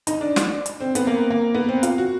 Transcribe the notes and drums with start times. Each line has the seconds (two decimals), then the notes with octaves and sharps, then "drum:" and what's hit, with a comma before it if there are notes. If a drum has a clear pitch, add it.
0.07 D#4, drum: hi-hat
0.21 D4
0.36 drum: snare
0.66 drum: hi-hat
0.80 C4
0.95 B3, drum: hi-hat
1.07 A#3
1.30 A#3
1.55 B3
1.69 C4
1.83 F4, drum: hi-hat
1.98 F#4